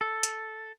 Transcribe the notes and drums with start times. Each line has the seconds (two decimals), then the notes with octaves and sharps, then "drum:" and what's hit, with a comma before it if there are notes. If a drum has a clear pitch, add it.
0.01 A4
0.23 drum: hi-hat